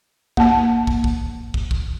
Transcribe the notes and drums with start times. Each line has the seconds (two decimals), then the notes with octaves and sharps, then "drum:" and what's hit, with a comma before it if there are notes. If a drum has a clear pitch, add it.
0.37 A#3 A5, drum: kick
0.87 drum: kick
1.04 drum: kick
1.54 drum: kick
1.71 drum: kick